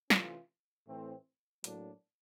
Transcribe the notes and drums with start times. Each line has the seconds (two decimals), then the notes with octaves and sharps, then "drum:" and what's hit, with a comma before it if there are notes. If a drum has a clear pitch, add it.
0.10 C3 E3 A3 C#4 F4, drum: snare
0.87 A2 E3 A3 C4
1.64 A2 F#3 A#3 D4, drum: hi-hat